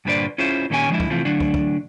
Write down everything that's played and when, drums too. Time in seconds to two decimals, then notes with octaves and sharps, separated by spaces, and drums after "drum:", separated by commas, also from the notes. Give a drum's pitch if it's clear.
0.05 G2 A#2 D3 B4 C5 D5
0.38 C#4 E4 F4 G#4 C5
0.70 A#2 D#3 A#3 C#4 G4 G#5
0.89 D3 F3 G#3 E4
1.00 drum: kick
1.10 C3 E3 F3 A3 C4 F4
1.25 D3 F#3 A3 D4
1.40 drum: kick
1.54 drum: kick